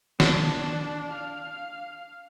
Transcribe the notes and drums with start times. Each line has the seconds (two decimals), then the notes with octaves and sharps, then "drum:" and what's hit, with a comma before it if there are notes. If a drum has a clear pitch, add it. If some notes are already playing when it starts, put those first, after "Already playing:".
0.20 D4, drum: snare
1.12 F5